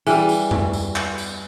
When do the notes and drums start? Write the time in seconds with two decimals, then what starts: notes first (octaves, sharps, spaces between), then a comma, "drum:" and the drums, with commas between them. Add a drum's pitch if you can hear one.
0.07 E3 G3 G#4, drum: tambourine
0.29 drum: tambourine
0.51 drum: tom F#2
0.73 drum: tambourine
0.96 drum: clap
1.18 drum: tambourine